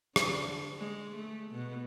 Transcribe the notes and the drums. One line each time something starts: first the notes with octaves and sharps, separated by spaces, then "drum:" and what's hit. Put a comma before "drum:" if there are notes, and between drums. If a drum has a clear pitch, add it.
D3, drum: rim click
G#3
A3
B2